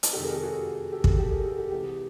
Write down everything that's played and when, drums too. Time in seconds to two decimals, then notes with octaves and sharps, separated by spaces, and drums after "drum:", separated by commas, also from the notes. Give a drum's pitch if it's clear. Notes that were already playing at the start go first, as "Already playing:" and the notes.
0.03 drum: hi-hat
0.13 F2 C3 D#3 G#3 G4 A4
0.23 G#4 A#4
0.33 G4 A4
0.43 F#4 G#4
0.92 G4 A4
1.04 drum: kick
1.18 G4 A4
1.31 G#4 A#4
1.44 G4 A4
1.58 G4 A4
1.71 C3 E3 G#3 G4